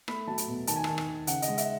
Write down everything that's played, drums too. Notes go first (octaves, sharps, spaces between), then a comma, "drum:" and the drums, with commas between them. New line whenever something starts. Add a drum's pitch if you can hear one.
A3 B5, drum: rim click
F#3 A5
drum: hi-hat
B2
D#3 A5, drum: hi-hat
G#5
D#3 A5, drum: rim click
drum: rim click
D#3
C#3 F#5, drum: hi-hat
D#5, drum: hi-hat
G#3
E5, drum: hi-hat